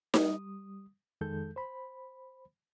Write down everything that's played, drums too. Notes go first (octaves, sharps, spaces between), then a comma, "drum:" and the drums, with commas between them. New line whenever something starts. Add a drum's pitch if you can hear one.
G3 D#6, drum: snare D#4
F2 D#3 G#3 A4 G6
C5 B5